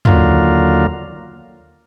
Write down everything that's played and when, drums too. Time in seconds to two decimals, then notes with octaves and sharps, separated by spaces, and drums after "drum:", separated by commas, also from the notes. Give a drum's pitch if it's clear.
0.05 D#2 D3 F#3 A#3 F4, drum: tom